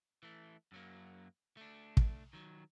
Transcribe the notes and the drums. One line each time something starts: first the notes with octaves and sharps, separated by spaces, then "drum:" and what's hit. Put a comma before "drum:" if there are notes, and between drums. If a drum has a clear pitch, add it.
E3 A3
F#2 F#3 A#3
A3 D4
drum: kick
D#3 F#3